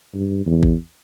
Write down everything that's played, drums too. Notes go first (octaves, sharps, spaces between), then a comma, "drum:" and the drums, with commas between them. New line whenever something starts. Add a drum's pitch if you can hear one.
G2
E2
drum: kick G#1